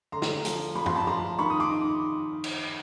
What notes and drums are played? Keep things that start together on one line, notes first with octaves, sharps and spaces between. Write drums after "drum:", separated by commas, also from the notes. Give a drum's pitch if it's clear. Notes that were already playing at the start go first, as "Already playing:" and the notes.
D3 A#5 C6
drum: snare
F3, drum: hi-hat
F3 B5
C6, drum: tom
A5 B5
F3 A#5 C6
D#3 B5 C#6
D#6
C6 D6
D#4
drum: cymbal